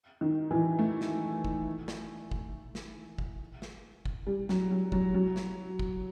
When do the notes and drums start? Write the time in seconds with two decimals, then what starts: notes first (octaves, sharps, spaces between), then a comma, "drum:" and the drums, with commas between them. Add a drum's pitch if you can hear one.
0.21 D#3
0.51 E3
0.79 A3
1.01 drum: snare
1.45 drum: kick G1
1.88 drum: snare
2.31 drum: kick G1
2.75 drum: snare
3.18 drum: kick G1
3.62 drum: snare
4.05 drum: kick G1
4.27 G3
4.49 F#3, drum: snare
4.71 F#3
4.92 F#3, drum: kick G1
5.14 F#3
5.36 drum: snare
5.79 drum: kick G1